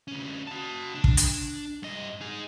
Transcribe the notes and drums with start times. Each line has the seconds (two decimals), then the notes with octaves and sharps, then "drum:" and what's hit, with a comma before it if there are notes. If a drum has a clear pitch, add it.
0.08 D2 C#4
0.47 F#4 A5
0.95 D4
1.04 drum: kick
1.17 drum: hi-hat
1.83 G2 D#5
2.21 D#4 G#4